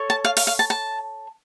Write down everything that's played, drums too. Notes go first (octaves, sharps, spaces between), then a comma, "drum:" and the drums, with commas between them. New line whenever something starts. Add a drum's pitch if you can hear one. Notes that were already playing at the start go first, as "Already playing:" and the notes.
Already playing: A4 C#5
A5
F5
F5, drum: open hi-hat
F5
A5
A5